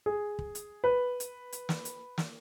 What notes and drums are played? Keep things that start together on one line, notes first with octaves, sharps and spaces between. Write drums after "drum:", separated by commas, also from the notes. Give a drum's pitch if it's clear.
G#4
drum: kick
drum: hi-hat
B4
drum: hi-hat
drum: hi-hat
drum: snare
drum: hi-hat
drum: snare